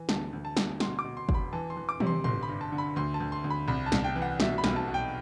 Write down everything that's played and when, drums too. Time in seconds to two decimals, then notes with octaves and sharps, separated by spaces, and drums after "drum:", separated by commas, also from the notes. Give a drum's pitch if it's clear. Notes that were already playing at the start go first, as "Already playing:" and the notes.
Already playing: E3
0.09 D2 A5, drum: snare
0.33 D2
0.45 A5
0.57 D2, drum: snare
0.80 B2 C6, drum: snare
0.99 D6
1.04 B2
1.17 C6
1.29 E1, drum: kick
1.34 B5
1.53 E3 A5
1.70 C6
1.77 E3
1.89 D6
2.00 C3, drum: tom
2.07 C6
2.24 G1 C6, drum: tom
2.43 B5
2.48 G2
2.61 A5
2.72 D3
2.78 B5
2.96 D2 C6
3.14 A5
3.20 D2
3.32 C6
3.44 D2
3.50 B5
3.68 C2 B5
3.86 A5
3.92 C2, drum: snare
4.04 G5
4.16 E3
4.22 F#5
4.40 B2 E5, drum: snare
4.58 B5
4.64 B1, drum: snare
4.76 A5
4.87 B2
4.94 G5